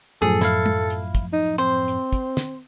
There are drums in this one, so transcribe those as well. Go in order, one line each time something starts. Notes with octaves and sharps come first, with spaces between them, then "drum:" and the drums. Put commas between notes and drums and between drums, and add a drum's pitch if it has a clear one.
F#2 A2 F3 G#4 A4
E4 F5, drum: snare
drum: tom
drum: hi-hat
drum: kick, hi-hat
D#4
C4 C5
drum: hi-hat
drum: kick, hi-hat
drum: snare